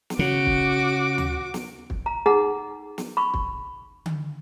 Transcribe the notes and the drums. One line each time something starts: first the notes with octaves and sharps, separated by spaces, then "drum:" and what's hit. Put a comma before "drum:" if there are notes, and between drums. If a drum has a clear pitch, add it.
drum: snare
C#3 F#4 D6
drum: kick
drum: tom D2
drum: snare
drum: kick
A#5
D#4 G#4 F#5 A#5
drum: snare
B5 C#6
drum: kick
drum: tom D3